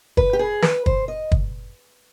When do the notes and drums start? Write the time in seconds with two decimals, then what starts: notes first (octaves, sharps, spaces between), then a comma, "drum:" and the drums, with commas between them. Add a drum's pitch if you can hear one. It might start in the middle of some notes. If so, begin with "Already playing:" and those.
0.17 B4, drum: kick
0.33 G4
0.39 G#4
0.62 B4, drum: snare
0.86 C5, drum: kick
1.08 D#5
1.32 drum: kick